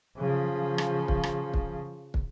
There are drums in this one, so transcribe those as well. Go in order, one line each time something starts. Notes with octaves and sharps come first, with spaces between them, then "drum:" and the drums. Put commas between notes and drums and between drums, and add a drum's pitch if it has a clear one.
C#3 F3
drum: rim click
drum: kick
drum: rim click
drum: kick
drum: kick